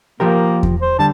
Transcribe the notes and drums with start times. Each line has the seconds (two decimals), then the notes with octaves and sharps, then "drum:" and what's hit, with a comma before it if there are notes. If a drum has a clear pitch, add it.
0.20 F3 A#3 G4 A#4
0.63 drum: kick E2
0.81 C5
0.99 D3 G3 A5